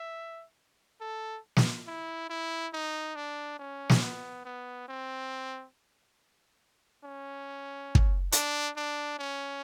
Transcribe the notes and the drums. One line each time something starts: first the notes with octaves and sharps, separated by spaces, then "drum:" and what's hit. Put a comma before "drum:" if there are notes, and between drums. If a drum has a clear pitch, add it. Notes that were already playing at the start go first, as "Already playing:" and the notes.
Already playing: E5
A4
drum: snare
E4
E4
D#4
D4
C#4
drum: snare
B3
B3
C4
C#4
drum: kick
D4, drum: hi-hat
D4
C#4